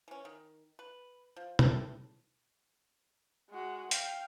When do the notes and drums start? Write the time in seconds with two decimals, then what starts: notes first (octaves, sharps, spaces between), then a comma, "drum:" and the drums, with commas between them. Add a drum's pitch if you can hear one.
0.08 E3 C#4
0.25 D#3
0.79 B4
1.36 F3
1.59 A3 C4 E4 A4, drum: tom
3.50 G#3 F#4
3.91 F5 G5, drum: hi-hat